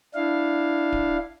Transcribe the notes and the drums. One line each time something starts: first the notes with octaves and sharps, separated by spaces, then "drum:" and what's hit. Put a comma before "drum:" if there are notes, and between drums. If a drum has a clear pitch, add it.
D4 E4 F5
drum: kick D1